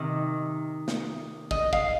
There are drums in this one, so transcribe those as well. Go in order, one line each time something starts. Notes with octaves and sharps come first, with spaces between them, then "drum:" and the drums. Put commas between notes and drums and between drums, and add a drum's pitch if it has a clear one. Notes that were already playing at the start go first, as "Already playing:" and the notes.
Already playing: C3 D#3
drum: snare
D#5, drum: kick
F5, drum: kick